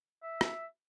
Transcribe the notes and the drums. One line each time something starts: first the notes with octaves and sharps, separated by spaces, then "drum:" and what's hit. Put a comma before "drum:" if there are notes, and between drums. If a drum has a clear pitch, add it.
E5
drum: rim click